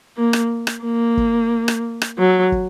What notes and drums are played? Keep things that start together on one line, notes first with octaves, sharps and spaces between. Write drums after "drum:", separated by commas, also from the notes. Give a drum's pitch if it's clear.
A#3
drum: rim click
drum: rim click
A#3
drum: kick
drum: rim click
drum: rim click
F#3
drum: kick